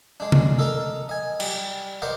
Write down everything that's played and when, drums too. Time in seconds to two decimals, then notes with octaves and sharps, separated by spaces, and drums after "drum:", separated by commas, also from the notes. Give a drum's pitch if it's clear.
0.20 G#3 D4
0.32 drum: tom C3
0.59 A4 A#4 D#5 A5 A#5
1.09 D#5 G#5
1.40 G3, drum: cymbal
2.02 A#4 C5 D5 D#5 F#5